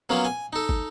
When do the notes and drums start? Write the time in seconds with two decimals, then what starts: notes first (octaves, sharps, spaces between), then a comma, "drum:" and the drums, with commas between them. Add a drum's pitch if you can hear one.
0.09 F#3 A#3 B3 C#4 F4
0.25 G#5
0.53 D#4 A4
0.69 drum: kick